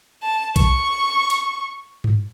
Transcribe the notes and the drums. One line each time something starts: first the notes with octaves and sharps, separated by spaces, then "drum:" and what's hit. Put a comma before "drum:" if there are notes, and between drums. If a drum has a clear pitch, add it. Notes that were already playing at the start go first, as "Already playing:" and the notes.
A5
C#6, drum: kick, hi-hat
drum: hi-hat
drum: tom G2